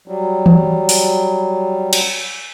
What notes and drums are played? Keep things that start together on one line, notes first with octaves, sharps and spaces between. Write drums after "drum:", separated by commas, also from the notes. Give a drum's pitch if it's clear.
F#3 G3
drum: tom E3
drum: open hi-hat
drum: cymbal